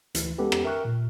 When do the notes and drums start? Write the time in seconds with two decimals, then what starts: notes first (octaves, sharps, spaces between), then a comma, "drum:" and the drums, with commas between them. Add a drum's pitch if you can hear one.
0.15 D2 E3, drum: hi-hat
0.38 G#3 B3 C#4 G4 A4 B4
0.52 drum: rim click
0.64 A#4 E5 G5 C#6 F6 F#6
0.85 A#2